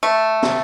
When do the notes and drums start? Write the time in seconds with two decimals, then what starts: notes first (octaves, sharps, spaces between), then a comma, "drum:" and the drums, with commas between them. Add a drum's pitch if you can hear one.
0.03 A3
0.43 drum: snare